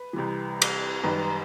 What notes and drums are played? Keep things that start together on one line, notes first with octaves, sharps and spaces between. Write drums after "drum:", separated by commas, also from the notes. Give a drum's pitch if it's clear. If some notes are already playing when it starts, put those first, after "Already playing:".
Already playing: B4
C2 C3 E3
drum: cymbal
F#2 D#3 G3 B4